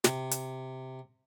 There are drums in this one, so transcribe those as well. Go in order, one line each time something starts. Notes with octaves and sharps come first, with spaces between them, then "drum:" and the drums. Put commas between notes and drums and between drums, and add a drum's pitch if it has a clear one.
C3, drum: snare
drum: hi-hat